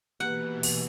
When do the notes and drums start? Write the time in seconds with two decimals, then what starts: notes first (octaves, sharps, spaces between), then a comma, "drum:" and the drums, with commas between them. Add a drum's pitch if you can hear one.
0.20 B2 E3 A#3 G4 B4 F#5
0.63 drum: open hi-hat